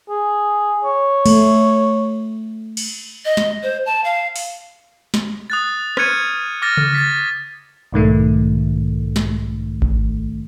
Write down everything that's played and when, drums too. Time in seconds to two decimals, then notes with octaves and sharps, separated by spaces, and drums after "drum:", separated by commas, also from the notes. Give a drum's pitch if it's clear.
0.09 G#4
0.85 C#5
1.26 A3, drum: cymbal
2.77 drum: cymbal
3.25 D#5
3.37 drum: snare
3.63 C5
3.86 A5
4.04 F5
4.36 drum: open hi-hat
5.14 drum: snare
5.50 D#6 F#6 A6
5.97 C#6 F6 F#6 G#6 C#7 D#7, drum: rim click
6.62 D6 F6 A6 A#6
6.77 drum: tom C#3
6.94 A6 B6
7.93 B1 G#2 D#3 A3
9.16 drum: snare
9.82 drum: kick G#1